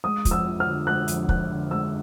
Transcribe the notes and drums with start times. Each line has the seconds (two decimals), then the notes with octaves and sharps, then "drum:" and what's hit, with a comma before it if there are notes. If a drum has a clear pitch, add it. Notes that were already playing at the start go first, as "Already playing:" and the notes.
0.04 G#3 D#6
0.25 F2, drum: kick, hi-hat
0.31 E6
0.46 F3
0.60 F6
0.67 D3
0.87 G#3 F#6
1.08 F2, drum: hi-hat
1.29 F3 F#6, drum: kick
1.49 D3
1.71 G#3 E6